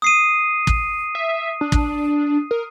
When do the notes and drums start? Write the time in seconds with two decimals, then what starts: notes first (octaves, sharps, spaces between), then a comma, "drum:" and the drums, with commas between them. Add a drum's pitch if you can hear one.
0.02 D#6 C7 D#7
0.67 drum: kick
1.15 E5
1.61 D4
1.72 drum: kick
2.51 A#4